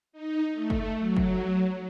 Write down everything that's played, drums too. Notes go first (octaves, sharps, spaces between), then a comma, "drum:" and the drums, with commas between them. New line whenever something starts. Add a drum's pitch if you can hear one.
D#4
A3
drum: kick
F#3
drum: kick